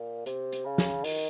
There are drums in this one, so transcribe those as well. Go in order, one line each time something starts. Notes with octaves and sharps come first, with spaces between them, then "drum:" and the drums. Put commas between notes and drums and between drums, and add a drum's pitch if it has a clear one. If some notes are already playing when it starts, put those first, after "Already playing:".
Already playing: A#2
C3, drum: hi-hat
drum: hi-hat
C#3
drum: snare
D#3, drum: open hi-hat